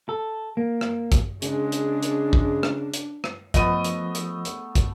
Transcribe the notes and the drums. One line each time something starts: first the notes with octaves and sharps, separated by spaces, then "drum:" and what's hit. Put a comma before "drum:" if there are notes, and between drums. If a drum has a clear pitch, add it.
A4
A#3
drum: rim click
drum: kick, hi-hat
C#3 G#3 D4, drum: hi-hat
drum: hi-hat
drum: hi-hat
drum: kick
drum: rim click
drum: hi-hat
drum: rim click
F3 A3 B3 D#5 D#7, drum: kick, hi-hat
drum: hi-hat
drum: hi-hat
drum: hi-hat
drum: kick, hi-hat